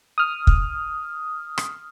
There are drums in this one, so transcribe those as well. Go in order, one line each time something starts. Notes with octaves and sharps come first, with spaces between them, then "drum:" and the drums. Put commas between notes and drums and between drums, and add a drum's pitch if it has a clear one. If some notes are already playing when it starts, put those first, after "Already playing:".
D#6 F6
drum: kick
drum: rim click